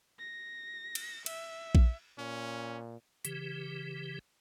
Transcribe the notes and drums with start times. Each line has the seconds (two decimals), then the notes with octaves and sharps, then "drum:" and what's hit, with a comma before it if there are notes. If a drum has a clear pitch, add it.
0.19 A#6
0.95 drum: cymbal
1.26 E5, drum: cymbal
1.75 drum: kick A#1
2.18 A#2 C#4
3.25 C#3 E3 G4, drum: hi-hat